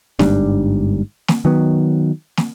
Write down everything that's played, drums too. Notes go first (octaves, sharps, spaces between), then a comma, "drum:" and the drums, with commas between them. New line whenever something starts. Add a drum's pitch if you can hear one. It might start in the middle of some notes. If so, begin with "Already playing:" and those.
G1 G#2 G3 D4, drum: snare
drum: snare
D#3 F#3 B3
drum: snare